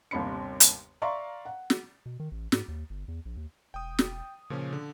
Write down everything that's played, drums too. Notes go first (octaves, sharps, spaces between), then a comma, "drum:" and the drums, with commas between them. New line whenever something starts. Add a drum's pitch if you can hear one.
G1 D#2 C3 B5 C#7
drum: hi-hat
D5 E5 F5 A#5 C6 C#6
F#5
drum: snare
B2
D#3
A1
G#2, drum: snare
D#2
G1
E2
A#1
D#2
E1 G5 D#6
drum: snare
A#2 C#3 F3 C#4
D3